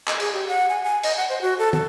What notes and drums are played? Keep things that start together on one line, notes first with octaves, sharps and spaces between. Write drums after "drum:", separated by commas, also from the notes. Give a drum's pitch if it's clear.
D#5, drum: clap
G#4, drum: cymbal
G4
F#5
G#5
G#5
D#5, drum: cymbal
F#5
C5
F#4
A4
A4, drum: tom